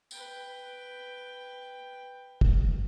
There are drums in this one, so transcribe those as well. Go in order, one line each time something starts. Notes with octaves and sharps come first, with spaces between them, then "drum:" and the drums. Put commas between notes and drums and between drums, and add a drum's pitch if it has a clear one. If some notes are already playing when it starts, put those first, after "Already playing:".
B4 G5, drum: tambourine
drum: kick